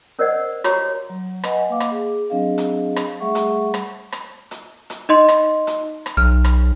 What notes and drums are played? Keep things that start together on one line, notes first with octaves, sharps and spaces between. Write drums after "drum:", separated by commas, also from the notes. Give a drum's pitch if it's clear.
C#4 A#4 C5 D5 D#5 F#5
F#4 G4 C#5 A#5 D6, drum: rim click
F#3
B4 D#5 F#5 G#5, drum: rim click
A#3 D#5 F5 D6
drum: rim click
G#4
F#3 C4 D4 G#4 D#5 F5
drum: hi-hat
drum: rim click
G3 A3 G#4 E5 F#5 C#6
drum: hi-hat
drum: rim click
drum: rim click
drum: hi-hat
drum: hi-hat
D#4 D#5 C6
drum: rim click
drum: hi-hat
drum: rim click
B1 F6
drum: rim click